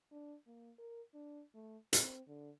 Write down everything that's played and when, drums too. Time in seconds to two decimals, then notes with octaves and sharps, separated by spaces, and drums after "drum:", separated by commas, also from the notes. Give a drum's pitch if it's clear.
0.12 D4
0.47 A#3
0.78 A#4
1.14 D4
1.54 A3
1.93 C4, drum: hi-hat
2.27 D3